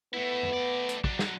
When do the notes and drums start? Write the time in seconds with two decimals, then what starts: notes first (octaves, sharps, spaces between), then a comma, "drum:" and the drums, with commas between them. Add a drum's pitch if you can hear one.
0.14 A3 B3 E4
0.43 drum: tom F#2
0.53 A2 D5
0.89 drum: hi-hat
1.04 F#3 D4, drum: kick
1.19 drum: snare